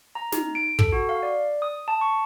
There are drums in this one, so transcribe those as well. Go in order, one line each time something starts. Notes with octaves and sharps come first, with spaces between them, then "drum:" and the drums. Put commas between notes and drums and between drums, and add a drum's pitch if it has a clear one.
A#5
D#4, drum: snare
D7
A4, drum: kick
F#4
F5
D5
D#6
A5
C#6